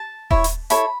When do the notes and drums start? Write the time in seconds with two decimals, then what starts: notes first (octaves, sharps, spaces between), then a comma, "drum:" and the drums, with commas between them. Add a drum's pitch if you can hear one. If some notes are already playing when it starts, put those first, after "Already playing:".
Already playing: A5
0.31 E4 C#5, drum: kick D#1
0.44 drum: hi-hat
0.70 E4 A4 C#5 B5, drum: hi-hat